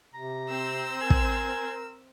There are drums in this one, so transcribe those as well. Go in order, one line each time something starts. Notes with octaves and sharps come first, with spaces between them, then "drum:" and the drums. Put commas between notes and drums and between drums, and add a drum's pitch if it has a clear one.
C3 A#5
C4 C5 E6
A#4 G#5
drum: kick